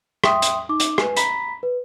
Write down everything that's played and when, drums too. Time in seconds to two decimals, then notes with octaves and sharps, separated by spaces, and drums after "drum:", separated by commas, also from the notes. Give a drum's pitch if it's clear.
0.24 E5 G5 C6 D#6, drum: rim click
0.42 drum: hi-hat
0.69 D#4 D6
0.80 drum: hi-hat
0.98 B4 G#5, drum: rim click
1.17 A#5 B5 B6, drum: hi-hat
1.63 B4